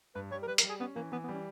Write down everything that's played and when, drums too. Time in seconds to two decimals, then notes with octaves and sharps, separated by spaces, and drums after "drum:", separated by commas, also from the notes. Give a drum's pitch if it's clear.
0.15 G2 B4
0.31 G3 C#5
0.43 A#4
0.47 G3 B4
0.58 A#4, drum: hi-hat
0.63 G3
0.69 G#4
0.80 B3 C#4
0.96 E3 A#3
1.12 E3 B3
1.24 B3
1.29 G3
1.34 C#4